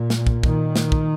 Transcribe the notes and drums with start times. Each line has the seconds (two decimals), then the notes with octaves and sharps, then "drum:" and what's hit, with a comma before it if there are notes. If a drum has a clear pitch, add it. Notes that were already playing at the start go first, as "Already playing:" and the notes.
Already playing: A#2
0.10 drum: snare
0.27 drum: kick
0.43 D#3, drum: kick
0.76 drum: snare
0.92 drum: kick